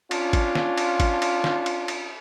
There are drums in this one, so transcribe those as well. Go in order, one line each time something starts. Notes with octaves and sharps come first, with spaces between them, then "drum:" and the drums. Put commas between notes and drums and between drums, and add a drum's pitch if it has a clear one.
C#4 D4 F4, drum: cymbal
drum: kick G#1, cymbal
drum: snare
drum: cymbal
drum: kick G#1, cymbal
drum: cymbal
drum: snare
drum: cymbal
drum: cymbal